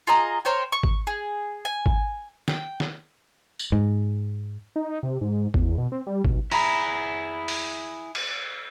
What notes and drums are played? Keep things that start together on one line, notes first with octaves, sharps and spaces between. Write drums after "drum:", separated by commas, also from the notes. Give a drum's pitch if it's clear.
F4 G#4 D#5 A#5
A#4 C5 C#5 G5
C#6
drum: kick G#1
G#4
G#5
drum: kick G#1
G5, drum: snare
drum: snare
drum: tambourine
G#2
D#4
C3
G#2
E2, drum: kick G#1
B2
C4
G3
B1, drum: kick G#1
E4 G#4 A#5 B5, drum: open hi-hat
drum: open hi-hat
drum: cymbal